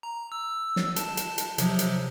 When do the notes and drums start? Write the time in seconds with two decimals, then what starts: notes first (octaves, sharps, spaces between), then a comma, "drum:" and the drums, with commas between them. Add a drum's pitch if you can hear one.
0.03 A#5
0.32 E6
0.76 drum: snare
0.96 A5, drum: hi-hat
1.17 drum: hi-hat
1.38 drum: hi-hat
1.58 C3 F3 F#3, drum: hi-hat
1.79 drum: hi-hat